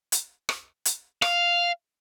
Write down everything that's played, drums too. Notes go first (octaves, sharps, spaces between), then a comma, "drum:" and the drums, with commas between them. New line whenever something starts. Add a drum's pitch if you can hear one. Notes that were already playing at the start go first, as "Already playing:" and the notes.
drum: hi-hat
drum: rim click
drum: hi-hat
F5, drum: rim click